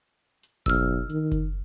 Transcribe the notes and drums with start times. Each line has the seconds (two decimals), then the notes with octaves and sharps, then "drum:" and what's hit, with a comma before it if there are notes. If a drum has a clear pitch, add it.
0.43 drum: hi-hat
0.66 B1 E6 F6, drum: kick F#1, hi-hat
1.09 D#3, drum: hi-hat
1.32 drum: kick F#1, hi-hat